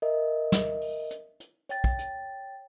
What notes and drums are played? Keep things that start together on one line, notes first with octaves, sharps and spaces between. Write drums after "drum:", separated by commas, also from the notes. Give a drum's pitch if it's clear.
A#4 D#5 E5
drum: snare
drum: open hi-hat
drum: hi-hat
drum: hi-hat
C#5 G5 A6, drum: hi-hat
drum: kick
drum: hi-hat